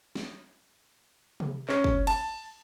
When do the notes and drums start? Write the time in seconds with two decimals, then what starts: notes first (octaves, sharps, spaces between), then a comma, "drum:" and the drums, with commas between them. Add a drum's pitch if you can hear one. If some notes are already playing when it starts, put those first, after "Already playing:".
0.15 drum: snare
1.40 drum: tom C3
1.69 C#4, drum: clap
1.84 drum: kick
2.07 A5, drum: cymbal